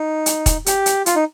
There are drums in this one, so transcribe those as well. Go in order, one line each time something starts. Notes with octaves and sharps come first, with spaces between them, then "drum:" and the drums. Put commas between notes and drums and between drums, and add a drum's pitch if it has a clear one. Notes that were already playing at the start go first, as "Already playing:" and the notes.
Already playing: D#4
drum: hi-hat
drum: kick, hi-hat
G4, drum: hi-hat
drum: hi-hat
F4, drum: hi-hat
D#4